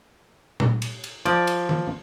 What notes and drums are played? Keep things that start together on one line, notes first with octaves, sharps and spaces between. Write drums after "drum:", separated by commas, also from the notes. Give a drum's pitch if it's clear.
drum: tom A#2
drum: cymbal
drum: cymbal
F3 D5, drum: cymbal
drum: cymbal
drum: tom D#3